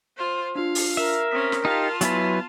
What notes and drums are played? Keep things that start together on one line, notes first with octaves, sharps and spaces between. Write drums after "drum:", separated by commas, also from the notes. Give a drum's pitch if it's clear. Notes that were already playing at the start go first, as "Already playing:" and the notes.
F4 C5
D4 F4 F5
drum: open hi-hat
A#4 E5
C4 C#4 D#6 B6
drum: snare
D#4 F4 G4 F5 A5
F#3 B3 E4 B4 G#5 A6, drum: hi-hat